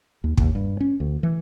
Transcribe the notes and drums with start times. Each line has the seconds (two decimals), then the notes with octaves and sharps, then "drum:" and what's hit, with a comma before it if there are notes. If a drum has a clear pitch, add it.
0.24 D#2
0.37 D#2, drum: kick
0.55 G2
0.81 C#4
1.00 D2
1.23 E3